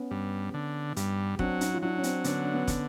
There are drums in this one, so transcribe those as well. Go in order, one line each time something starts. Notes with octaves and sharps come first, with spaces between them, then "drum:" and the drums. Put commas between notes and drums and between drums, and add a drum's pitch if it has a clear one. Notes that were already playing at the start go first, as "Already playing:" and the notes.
Already playing: B3 C#4
G2
D3
G2, drum: hi-hat
F#3 C4 D4, drum: kick
C#4 D#4, drum: hi-hat
F4
F#3 D4 E4
C#4
C4 D4, drum: hi-hat
D3 B3 C#4, drum: hi-hat
D4
B3 C#4
D3, drum: kick, hi-hat